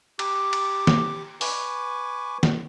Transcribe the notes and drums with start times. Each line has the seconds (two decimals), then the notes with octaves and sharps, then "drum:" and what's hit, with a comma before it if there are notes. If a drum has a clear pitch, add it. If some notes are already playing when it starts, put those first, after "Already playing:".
0.19 G4 D6, drum: cymbal
0.53 drum: cymbal
0.87 drum: snare
1.41 B4 G#5 C#6 D6, drum: open hi-hat
2.43 drum: snare